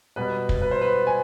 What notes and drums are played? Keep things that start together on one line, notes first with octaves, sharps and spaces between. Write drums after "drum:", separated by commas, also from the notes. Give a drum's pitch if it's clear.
B2 G3 B3 B4
drum: kick
B4
C5
B4
G#5